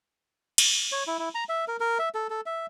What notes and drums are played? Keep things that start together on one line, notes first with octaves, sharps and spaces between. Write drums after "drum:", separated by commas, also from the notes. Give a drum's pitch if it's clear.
drum: cymbal
C#5
E4
E4
A#5
E5
A#4
A#4
E5
A4
A4
E5